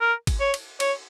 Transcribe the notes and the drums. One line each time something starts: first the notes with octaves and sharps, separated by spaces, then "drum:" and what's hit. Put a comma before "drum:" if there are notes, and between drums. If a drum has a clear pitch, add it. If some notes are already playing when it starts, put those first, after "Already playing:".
A#4
drum: kick G#1, cymbal
C#5
drum: cymbal
C#5, drum: cymbal